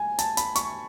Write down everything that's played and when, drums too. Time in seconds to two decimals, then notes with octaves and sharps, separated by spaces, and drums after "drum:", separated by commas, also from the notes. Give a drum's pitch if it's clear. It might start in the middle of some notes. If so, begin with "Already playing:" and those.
Already playing: G#5
0.19 A5, drum: hi-hat
0.37 B5, drum: hi-hat
0.55 C#6, drum: hi-hat